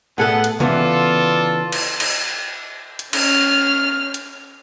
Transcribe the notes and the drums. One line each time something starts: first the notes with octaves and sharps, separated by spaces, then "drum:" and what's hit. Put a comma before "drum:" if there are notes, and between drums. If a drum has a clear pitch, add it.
A2 B3 G#4 A4 F#5
drum: hi-hat
C#3 E3 B3 F4 A4 D5, drum: tom C3
drum: cymbal
drum: cymbal
drum: hi-hat
C#4 F6, drum: cymbal
drum: hi-hat